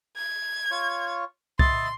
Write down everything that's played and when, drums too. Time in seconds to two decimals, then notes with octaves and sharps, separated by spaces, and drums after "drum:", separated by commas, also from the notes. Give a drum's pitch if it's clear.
0.17 G#6
0.71 F4 C#5 C#6
1.59 D#5 E5 B5 C6 A6, drum: kick C2